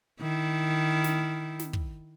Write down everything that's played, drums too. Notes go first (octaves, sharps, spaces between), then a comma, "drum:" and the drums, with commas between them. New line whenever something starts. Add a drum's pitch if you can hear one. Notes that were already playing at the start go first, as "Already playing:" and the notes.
D#3 E4
drum: snare
drum: snare
drum: kick